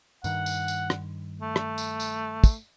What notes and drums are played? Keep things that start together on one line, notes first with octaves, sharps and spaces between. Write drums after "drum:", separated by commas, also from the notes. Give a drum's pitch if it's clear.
G2 D#3 F#5, drum: tambourine
drum: tambourine
drum: tambourine
drum: rim click
A3
drum: rim click
drum: tambourine
drum: tambourine
drum: kick, tambourine